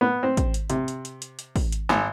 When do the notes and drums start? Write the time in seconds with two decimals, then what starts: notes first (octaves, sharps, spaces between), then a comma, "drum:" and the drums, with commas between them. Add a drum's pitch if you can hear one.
0.01 B3
0.23 C4
0.37 drum: kick, hi-hat
0.54 drum: hi-hat
0.70 C3, drum: hi-hat
0.88 drum: hi-hat
1.05 drum: hi-hat
1.22 drum: hi-hat
1.39 drum: hi-hat
1.56 drum: kick, open hi-hat
1.72 drum: hi-hat
1.89 G#1, drum: snare